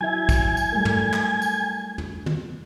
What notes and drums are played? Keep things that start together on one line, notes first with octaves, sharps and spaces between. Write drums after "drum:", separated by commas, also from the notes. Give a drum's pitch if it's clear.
F#3 E4 E5 G#5
drum: kick, tambourine
drum: tambourine
G3 A3 A#4
drum: tom
drum: clap
drum: tambourine
drum: tom
drum: tom